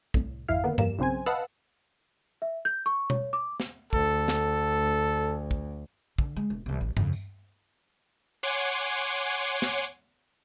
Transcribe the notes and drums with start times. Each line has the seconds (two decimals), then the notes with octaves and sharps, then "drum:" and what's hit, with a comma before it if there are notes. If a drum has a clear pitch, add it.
0.14 C2 A2, drum: kick
0.48 G#1 F2 E4 F5
0.64 D3 D#3 A#3 B3
0.78 F2 G3 A#3 E7, drum: tom G2
0.98 B1 C#3 C4 C5 G#5
1.26 B4 D#5 F5 F#5 A5 E6
2.42 E5
2.65 G6
2.86 C#6
3.10 C#5, drum: tom B2
3.33 D6
3.60 drum: snare
3.93 D2 A4, drum: kick
4.28 drum: snare
5.51 drum: kick
6.19 D3, drum: kick
6.37 G#3
6.50 E1
6.66 C2 E3
6.81 A1
6.97 F2 C#3, drum: tom G2
7.13 drum: tambourine
8.43 C#5 F#5 G#5 C6 D6
9.62 drum: snare